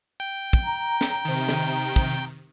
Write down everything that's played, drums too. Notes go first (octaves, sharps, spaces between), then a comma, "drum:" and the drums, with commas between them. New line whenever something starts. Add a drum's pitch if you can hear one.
G5
drum: kick
A#5
drum: snare
C3 D#3
drum: snare
drum: kick